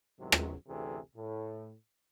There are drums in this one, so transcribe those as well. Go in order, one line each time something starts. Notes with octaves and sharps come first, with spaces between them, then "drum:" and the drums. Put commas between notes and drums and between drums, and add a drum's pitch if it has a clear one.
E2 G#2 C3 D#3 F#3
drum: rim click
A1 D2 C3 E3 G#4 A4
A2